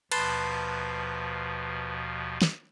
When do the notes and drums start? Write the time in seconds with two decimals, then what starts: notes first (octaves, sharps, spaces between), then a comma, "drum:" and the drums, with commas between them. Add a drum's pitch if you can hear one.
0.12 D#2 B2 F3 B4 A5 C6, drum: cymbal
2.42 drum: snare